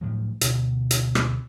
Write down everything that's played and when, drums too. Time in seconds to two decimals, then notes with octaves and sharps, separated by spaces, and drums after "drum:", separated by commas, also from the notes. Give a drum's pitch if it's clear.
0.01 A2 F3 F#3
0.41 D2 B2, drum: hi-hat
0.91 drum: hi-hat
1.15 drum: rim click